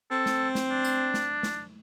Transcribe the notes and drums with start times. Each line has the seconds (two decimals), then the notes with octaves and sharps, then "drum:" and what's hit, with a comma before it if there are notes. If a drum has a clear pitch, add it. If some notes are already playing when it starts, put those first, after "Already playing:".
0.11 C4 A4
0.26 drum: snare
0.55 drum: snare
0.71 D4
0.85 drum: tambourine
1.14 drum: snare
1.43 drum: snare